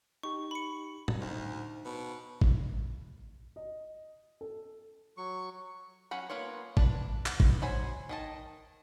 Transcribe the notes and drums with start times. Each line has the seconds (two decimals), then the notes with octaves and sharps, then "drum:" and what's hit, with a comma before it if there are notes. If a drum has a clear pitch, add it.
0.23 D#4 G4 C#6
0.51 B5 C#7
1.08 drum: tom A2
1.20 D2 D#4 C5
1.85 B2
2.41 drum: kick
3.56 D#5
4.41 A4
5.17 F#3 C#6
6.11 F#3 C#4 F#5 B5
6.30 A#3 B3 F4 C#5
6.77 D4 B4, drum: kick
7.26 B3, drum: clap
7.40 drum: kick
7.62 F#3 C5 G#5 B5
8.09 D#3 D#5 A5